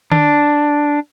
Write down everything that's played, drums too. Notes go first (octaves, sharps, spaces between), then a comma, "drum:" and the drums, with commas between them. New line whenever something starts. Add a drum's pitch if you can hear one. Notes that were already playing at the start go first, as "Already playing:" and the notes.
D4, drum: tom D3